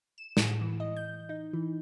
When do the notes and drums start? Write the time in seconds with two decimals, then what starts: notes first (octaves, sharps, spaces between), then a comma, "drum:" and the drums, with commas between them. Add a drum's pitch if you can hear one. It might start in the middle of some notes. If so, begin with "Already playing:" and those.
0.18 E7
0.37 A2, drum: snare
0.61 E3
0.80 D#5
0.96 G6
1.29 D#4
1.53 E3